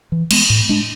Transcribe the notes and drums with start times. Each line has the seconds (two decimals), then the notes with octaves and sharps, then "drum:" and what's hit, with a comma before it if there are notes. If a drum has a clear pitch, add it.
0.12 E3
0.31 G#3 B3, drum: cymbal
0.50 A2
0.69 G#3 D4